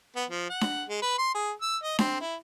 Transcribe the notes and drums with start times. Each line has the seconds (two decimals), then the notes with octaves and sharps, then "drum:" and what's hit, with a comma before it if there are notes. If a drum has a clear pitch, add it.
0.16 B3
0.30 F3
0.50 F#5
0.61 drum: snare D4
0.89 G#3
1.02 B4
1.18 C6
1.34 G#4
1.62 E6
1.83 D#5
1.99 C4, drum: snare D4
2.21 E4